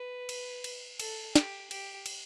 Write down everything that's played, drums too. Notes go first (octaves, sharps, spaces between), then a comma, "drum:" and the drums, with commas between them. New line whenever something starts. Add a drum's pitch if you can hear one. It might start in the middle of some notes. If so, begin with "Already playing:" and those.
Already playing: B4
drum: cymbal
drum: cymbal
A4, drum: cymbal
G4, drum: snare
G4, drum: cymbal
drum: cymbal